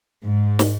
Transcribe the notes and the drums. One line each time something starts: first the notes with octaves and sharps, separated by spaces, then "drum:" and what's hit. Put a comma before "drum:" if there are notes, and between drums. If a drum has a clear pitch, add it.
G#2
drum: snare